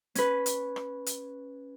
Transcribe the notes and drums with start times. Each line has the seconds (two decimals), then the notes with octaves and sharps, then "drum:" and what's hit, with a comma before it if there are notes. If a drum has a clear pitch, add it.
0.15 C#4 B4, drum: hi-hat
0.46 drum: hi-hat
0.76 drum: rim click
1.06 drum: hi-hat